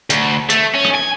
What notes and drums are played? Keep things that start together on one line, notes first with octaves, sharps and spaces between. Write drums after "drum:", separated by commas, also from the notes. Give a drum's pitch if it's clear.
D2, drum: hi-hat
A3, drum: hi-hat
C#4
drum: rim click
G#5